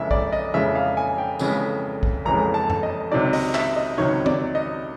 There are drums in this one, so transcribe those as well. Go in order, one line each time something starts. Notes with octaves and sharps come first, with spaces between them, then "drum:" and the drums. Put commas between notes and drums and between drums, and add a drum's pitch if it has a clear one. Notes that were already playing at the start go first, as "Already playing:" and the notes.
Already playing: F1 F2 C#3 E3 G#3 E5
D5, drum: kick A#1
D#5
F1 F2 C#3 E3 G#3 E5
F5
G#5
G5
F1 F2 C#3 E3 G#3, drum: tambourine
drum: kick A#1
F1 F2 C#3 E3 G#3 A#5
A5
drum: tom F#2
D#5
C#2 C3 D#3 F#3 D5
D#5, drum: open hi-hat
E5, drum: clap
D#5
C#2 C3 D#3 F#3 C#5
D5, drum: tom D#3
D#5